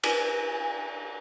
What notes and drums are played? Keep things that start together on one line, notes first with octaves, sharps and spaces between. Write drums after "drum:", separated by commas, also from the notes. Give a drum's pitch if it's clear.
G#5, drum: cymbal